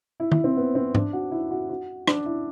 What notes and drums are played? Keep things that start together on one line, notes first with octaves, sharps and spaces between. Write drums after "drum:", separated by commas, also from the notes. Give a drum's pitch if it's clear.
E4
E4, drum: tom
C4
B3
C4
D4, drum: tom G#2
F#4
E4
F#4
F#4
D4, drum: rim click
E4